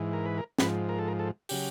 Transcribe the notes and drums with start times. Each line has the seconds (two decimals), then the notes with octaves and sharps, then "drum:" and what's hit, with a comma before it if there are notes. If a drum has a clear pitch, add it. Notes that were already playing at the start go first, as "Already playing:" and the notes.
Already playing: G#2 E3
0.13 A#4
0.26 B4
0.38 A#4
0.59 G#2 F3 B4, drum: snare
0.89 A#4
0.99 A4
1.08 A#4
1.19 A4
1.49 C#3 F#3 G4, drum: open hi-hat